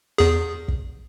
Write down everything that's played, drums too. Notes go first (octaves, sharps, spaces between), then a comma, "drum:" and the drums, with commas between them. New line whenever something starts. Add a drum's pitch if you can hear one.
E2 G#4
drum: kick